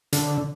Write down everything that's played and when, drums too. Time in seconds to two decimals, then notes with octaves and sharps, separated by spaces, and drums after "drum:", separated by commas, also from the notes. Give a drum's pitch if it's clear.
0.13 D3, drum: hi-hat